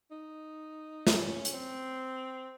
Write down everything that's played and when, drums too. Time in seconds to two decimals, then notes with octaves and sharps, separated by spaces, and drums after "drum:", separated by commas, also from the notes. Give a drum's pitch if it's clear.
0.11 D#4
1.07 C#4, drum: snare
1.45 drum: hi-hat
1.54 C4